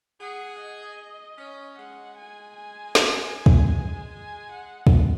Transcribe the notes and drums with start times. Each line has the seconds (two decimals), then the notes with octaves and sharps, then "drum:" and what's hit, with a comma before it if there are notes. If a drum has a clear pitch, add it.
0.21 G#4 F#5
0.61 D#5
1.38 C#4
1.77 G#3 F#5
2.17 G#5
2.56 G#5
2.95 G#5, drum: snare
3.46 drum: kick
4.12 G#5
4.51 F#5
4.87 drum: kick